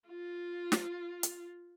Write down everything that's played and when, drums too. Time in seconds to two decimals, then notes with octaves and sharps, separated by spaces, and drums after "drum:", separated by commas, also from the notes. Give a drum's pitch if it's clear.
0.08 F4
0.72 drum: snare
1.23 drum: hi-hat